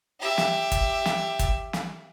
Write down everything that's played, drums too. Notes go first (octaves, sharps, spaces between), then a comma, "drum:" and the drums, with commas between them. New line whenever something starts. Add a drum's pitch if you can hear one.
G4 E5
drum: snare
drum: kick, hi-hat
drum: snare
drum: kick, hi-hat
drum: snare